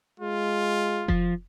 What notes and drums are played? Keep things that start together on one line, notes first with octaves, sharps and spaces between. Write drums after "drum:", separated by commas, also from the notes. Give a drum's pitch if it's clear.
G#3 F4
F3, drum: kick F1